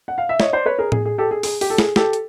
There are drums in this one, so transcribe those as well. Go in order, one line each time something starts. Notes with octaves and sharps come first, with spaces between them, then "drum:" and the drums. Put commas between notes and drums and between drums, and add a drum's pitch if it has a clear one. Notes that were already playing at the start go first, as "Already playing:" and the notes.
F#5
F5
E5
C#5 D#5, drum: snare
C5 D5
B4 C#5
G#4 A#4
G#4, drum: tom A2
G#4
G4 A4
G#4
G#4, drum: open hi-hat
G4, drum: open hi-hat
A4
G#4, drum: snare
G4 A4, drum: snare
drum: hi-hat